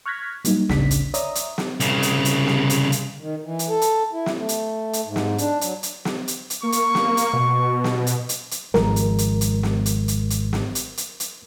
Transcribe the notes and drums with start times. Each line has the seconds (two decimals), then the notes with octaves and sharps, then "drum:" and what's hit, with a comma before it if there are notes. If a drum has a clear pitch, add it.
0.06 C#6 F6 F#6 G#6 A#6 B6
0.45 F#3 G3 A#3 D#4, drum: hi-hat
0.69 A1 D2 C#3 D4 B6, drum: snare
0.91 drum: hi-hat
1.14 C#5 D5 E5 A#5 D#6, drum: hi-hat
1.35 drum: hi-hat
1.58 drum: snare
1.80 C2 C#3, drum: hi-hat
2.02 drum: hi-hat
2.25 drum: hi-hat
2.47 drum: snare
2.70 drum: hi-hat
2.92 drum: hi-hat
3.21 D#3
3.44 E3
3.59 drum: hi-hat
3.69 A4
3.81 drum: hi-hat
4.13 E4
4.26 drum: snare
4.36 A3
4.49 drum: hi-hat
4.93 drum: hi-hat
5.06 G#2
5.16 drum: snare
5.38 D4, drum: hi-hat
5.61 F#3, drum: hi-hat
5.83 drum: hi-hat
6.05 drum: snare
6.28 drum: hi-hat
6.50 drum: hi-hat
6.63 A#3 C#6
6.72 drum: hi-hat
6.95 drum: snare
7.17 drum: hi-hat
7.33 B2
7.84 drum: snare
8.07 drum: hi-hat
8.29 drum: hi-hat
8.51 drum: hi-hat
8.74 G#1 F3 G#3 A#4, drum: snare
8.96 drum: hi-hat
9.18 drum: hi-hat
9.41 drum: hi-hat
9.63 drum: snare
9.86 drum: hi-hat
10.08 drum: hi-hat
10.30 drum: hi-hat
10.53 drum: snare
10.75 drum: hi-hat
10.97 drum: hi-hat
11.20 drum: hi-hat